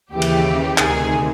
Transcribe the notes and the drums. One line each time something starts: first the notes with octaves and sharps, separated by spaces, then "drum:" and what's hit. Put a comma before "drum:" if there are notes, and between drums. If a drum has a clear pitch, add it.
D#2 C#3 E3 G4
drum: cymbal
D2 C3 D#3 G#4, drum: clap